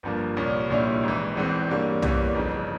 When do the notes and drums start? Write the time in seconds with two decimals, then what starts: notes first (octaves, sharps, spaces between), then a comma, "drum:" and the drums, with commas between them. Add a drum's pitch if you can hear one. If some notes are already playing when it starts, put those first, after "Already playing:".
0.03 G1 G2 F3 A#3
0.36 C2 A#2 G3 C#4
0.70 A#1 A#2 G3 C#4 E4
1.03 G#1 G#2 E3
1.36 E1 E2 E3 G#3 C4
1.69 G2 G3 A#3 C#4
2.02 E2 E3 G3 A#3 C#4, drum: tom
2.35 G1 F2 C#3